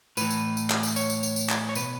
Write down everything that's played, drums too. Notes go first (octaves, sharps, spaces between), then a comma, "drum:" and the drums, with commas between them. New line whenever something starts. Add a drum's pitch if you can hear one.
A2 E3 B4, drum: tambourine
drum: tambourine
drum: tambourine
drum: clap
drum: tambourine
C#5, drum: tambourine
drum: tambourine
drum: tambourine
drum: tambourine
drum: clap
C#5
B2 B4, drum: tambourine